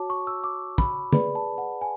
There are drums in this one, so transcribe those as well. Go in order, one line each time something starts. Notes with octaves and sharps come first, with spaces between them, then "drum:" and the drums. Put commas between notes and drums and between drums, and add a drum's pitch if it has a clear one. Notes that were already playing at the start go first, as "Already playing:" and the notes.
Already playing: F#4 C#5 A5 D6
C#6
E6
D6
B5, drum: kick
G#4 B4 D5 B5, drum: tom
A5
F#5
G#5